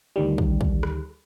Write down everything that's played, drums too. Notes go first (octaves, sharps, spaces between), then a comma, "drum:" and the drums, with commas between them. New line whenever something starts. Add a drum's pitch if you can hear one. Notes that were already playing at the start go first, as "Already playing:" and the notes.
D2 D#3 G3
drum: kick
drum: kick
drum: rim click